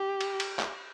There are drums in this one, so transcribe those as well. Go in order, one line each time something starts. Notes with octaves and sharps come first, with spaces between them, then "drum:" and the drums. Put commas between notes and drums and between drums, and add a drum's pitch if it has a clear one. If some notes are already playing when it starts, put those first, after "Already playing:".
Already playing: G4
drum: cymbal
drum: cymbal
drum: clap